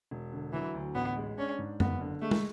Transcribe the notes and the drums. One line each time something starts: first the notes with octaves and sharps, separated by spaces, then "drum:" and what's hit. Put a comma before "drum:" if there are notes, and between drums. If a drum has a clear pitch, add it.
E1
D3
E3 F#3
D2
A1 B3
G#3
C#4 D4
G#2
F#1 B3, drum: tom F#2
D3
G#3 A3
drum: tom